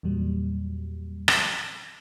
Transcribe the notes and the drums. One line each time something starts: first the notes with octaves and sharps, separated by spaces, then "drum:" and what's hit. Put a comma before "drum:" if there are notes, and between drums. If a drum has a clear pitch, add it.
E2 A#2 F#3 G3
drum: rim click